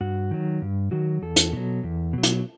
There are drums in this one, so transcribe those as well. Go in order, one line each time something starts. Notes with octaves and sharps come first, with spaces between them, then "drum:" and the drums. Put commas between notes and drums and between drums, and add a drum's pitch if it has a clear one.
G2 F#4
D#3 F#3
G2
D#3 F#3 F#4
E2 A4
drum: hi-hat
B2 F#3
E2
B2 F#3
drum: hi-hat